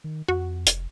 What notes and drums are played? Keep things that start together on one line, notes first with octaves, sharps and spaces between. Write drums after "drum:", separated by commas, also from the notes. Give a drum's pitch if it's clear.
D#3
F2 F#4
F1, drum: hi-hat